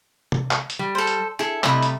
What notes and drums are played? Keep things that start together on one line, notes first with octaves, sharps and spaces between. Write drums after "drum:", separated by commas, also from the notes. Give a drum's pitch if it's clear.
drum: tom C3
drum: clap
drum: hi-hat
G3
A4 C5
drum: hi-hat
E4 G#4 A4
C3 G3 A3 E4 D#5, drum: clap
drum: hi-hat